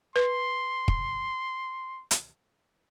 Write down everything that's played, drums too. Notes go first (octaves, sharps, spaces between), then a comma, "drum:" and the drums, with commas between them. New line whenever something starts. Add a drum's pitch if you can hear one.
B4 C6
drum: kick
drum: hi-hat